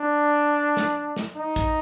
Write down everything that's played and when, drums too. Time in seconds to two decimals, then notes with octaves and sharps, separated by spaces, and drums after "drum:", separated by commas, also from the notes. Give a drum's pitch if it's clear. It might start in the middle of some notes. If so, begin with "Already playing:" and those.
Already playing: D4
0.77 drum: snare
1.16 drum: snare
1.36 D#4
1.56 drum: kick, hi-hat